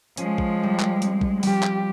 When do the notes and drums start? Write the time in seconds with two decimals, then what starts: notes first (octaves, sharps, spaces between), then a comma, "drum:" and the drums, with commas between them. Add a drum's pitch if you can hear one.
0.17 F3 G#3 C#4, drum: hi-hat
0.38 drum: kick
0.63 G3
0.80 drum: clap
1.02 C4, drum: hi-hat
1.21 drum: kick
1.43 F3 G3 G4, drum: open hi-hat
1.63 drum: clap